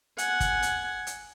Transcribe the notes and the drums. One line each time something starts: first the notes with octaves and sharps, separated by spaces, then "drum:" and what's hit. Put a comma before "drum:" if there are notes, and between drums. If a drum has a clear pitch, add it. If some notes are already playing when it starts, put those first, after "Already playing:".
F#5 G#5, drum: hi-hat
drum: kick, hi-hat
drum: hi-hat
drum: hi-hat